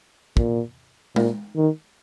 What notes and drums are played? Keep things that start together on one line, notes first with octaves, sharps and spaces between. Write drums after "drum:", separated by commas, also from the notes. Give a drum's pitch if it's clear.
A#2, drum: kick
A#2, drum: tom G#3
D#3